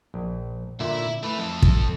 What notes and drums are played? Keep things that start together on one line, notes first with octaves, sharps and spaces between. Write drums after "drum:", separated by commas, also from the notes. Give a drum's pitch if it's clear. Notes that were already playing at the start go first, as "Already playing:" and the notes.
A#1
A#2 D3 E4 E5
A3 E4 B4
F2 A4
drum: kick